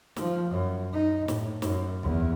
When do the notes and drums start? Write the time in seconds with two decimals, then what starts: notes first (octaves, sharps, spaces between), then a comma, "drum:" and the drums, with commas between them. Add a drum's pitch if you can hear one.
0.16 F3, drum: snare
0.50 F#2
0.93 D#4
1.28 A2, drum: snare
1.62 F#2, drum: snare
2.03 E2, drum: kick